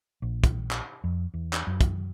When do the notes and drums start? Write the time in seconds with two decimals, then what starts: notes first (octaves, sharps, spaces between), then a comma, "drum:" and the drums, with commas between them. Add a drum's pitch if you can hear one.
0.22 A#1
0.44 drum: kick, hi-hat
0.71 drum: clap
1.04 F2
1.34 E2
1.53 drum: clap
1.67 F#2
1.81 drum: kick, hi-hat